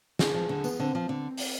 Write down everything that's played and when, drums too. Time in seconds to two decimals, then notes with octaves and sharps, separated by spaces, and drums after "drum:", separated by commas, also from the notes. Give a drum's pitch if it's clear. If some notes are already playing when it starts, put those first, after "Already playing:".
0.19 D3 G#4, drum: snare
0.34 F3
0.49 D3
0.64 B3, drum: tambourine
0.79 D3 C4
0.95 F3
1.09 D3
1.37 drum: open hi-hat